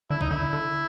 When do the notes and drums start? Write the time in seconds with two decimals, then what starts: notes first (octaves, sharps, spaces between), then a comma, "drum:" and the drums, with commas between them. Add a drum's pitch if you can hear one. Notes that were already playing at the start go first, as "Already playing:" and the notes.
0.10 D3 E4
0.21 D#4, drum: kick B1
0.30 D3 E4
0.53 D3